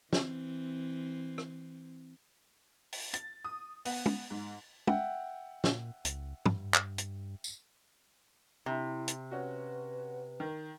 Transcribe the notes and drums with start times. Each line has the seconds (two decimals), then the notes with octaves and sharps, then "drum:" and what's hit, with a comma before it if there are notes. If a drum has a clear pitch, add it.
0.13 E3 C4, drum: snare
1.38 drum: rim click
2.92 drum: open hi-hat
3.14 A6, drum: hi-hat
3.45 D#6
3.85 B3, drum: open hi-hat
4.06 drum: tom
4.30 G#2
4.87 E5 F#5 G5, drum: tom
5.64 A#2, drum: snare
6.05 C#2, drum: hi-hat
6.46 G2, drum: tom
6.74 drum: clap
6.98 drum: hi-hat
7.44 drum: tambourine
8.66 C3 E4
9.08 drum: hi-hat
9.31 C#4 F#4 B4
10.40 D#3